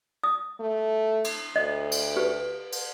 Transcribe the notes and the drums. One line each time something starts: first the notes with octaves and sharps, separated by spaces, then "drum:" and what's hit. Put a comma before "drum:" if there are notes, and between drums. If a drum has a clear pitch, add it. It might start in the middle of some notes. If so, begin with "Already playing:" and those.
D#6
A3
drum: cymbal
D2 D#5
drum: cymbal
G4 B4
drum: cymbal